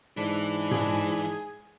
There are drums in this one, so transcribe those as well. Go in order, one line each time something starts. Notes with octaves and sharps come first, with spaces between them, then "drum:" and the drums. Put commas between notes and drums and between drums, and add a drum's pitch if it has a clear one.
G#2 E3 D4
G#4, drum: tom G#2